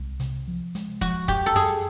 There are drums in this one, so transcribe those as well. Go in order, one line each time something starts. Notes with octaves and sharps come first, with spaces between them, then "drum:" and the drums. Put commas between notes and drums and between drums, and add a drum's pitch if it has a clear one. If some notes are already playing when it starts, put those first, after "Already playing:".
Already playing: C2 G#3
C3, drum: hi-hat
F3
G#3, drum: hi-hat
F3 F#4, drum: kick
F#2 G4, drum: kick
A4
F#2 G#4